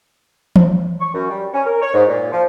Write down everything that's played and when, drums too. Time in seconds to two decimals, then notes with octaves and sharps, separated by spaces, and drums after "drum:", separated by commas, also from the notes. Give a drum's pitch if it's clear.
0.56 drum: tom E3
1.00 C#6
1.14 F#2
1.30 G3
1.54 C#4
1.66 A#4
1.82 C#5
1.94 G#2
2.08 A#2
2.32 F3